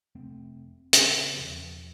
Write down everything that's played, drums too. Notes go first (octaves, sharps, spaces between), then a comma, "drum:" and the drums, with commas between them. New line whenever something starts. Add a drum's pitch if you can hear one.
F1 A3 C4
C#3 B3, drum: hi-hat
E2 B2 F3